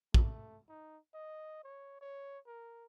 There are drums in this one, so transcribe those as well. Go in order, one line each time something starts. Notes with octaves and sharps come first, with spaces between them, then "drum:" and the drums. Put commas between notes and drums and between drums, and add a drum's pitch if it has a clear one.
A3, drum: kick
D#4
D#5
C#5
C#5
A#4